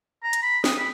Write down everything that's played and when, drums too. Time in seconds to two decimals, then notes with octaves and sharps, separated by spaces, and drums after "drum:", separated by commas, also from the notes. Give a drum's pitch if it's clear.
0.24 A#5
0.33 drum: hi-hat
0.43 B5
0.64 D#6, drum: snare
0.79 B5